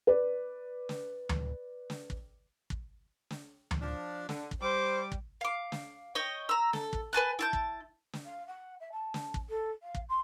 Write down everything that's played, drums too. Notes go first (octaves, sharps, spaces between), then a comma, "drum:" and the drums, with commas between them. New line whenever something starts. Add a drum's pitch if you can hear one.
B4 D5
drum: snare
drum: tom D2
drum: snare
drum: kick
drum: kick
drum: snare
drum: tom D2
F3 D4
D3, drum: snare
drum: kick
G3 C5 D6
drum: kick
F5 D6
drum: snare
C#5 D#5 G5
A#5 E6
A4, drum: snare
drum: kick
B4 G#5 A5 F#6
E4 A5 G6
drum: kick
drum: snare
F5
F#5
E5
A5
drum: snare
drum: kick
A4
F5
drum: kick
C6